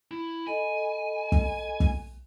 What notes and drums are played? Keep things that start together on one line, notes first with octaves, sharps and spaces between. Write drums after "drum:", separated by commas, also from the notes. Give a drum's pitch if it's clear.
E4
A4 D#5 G#5 B5
drum: kick
drum: kick